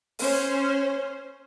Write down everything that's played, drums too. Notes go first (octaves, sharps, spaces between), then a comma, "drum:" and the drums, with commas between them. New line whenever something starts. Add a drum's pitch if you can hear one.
C#4 C5, drum: open hi-hat